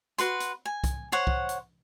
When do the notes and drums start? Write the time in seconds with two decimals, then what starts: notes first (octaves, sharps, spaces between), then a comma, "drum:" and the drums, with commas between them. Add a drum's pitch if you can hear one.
0.18 F#4 B4 C6, drum: hi-hat
0.40 drum: hi-hat
0.66 G#5
0.84 drum: kick C2, hi-hat
1.12 C5 C#5 F#5
1.27 drum: kick C2
1.49 drum: hi-hat